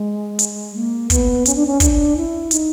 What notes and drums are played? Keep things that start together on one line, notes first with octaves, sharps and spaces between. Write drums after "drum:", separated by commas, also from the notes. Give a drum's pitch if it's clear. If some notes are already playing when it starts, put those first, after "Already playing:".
Already playing: G#3
drum: hi-hat
A#3
B3, drum: kick, hi-hat
C#4, drum: hi-hat
D4
C#4
D4, drum: kick, hi-hat
E4
D#4, drum: hi-hat